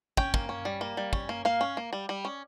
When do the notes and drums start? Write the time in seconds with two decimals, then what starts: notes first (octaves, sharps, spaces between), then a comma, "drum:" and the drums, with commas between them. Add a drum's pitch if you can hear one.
0.17 C#4 G5, drum: kick
0.34 A#3, drum: kick
0.49 C#4
0.65 G3
0.81 A#3
0.97 G3
1.13 C#4, drum: kick
1.29 A#3
1.45 A#3 F5
1.61 C#4
1.77 A#3
1.93 G3
2.09 G3
2.25 C#4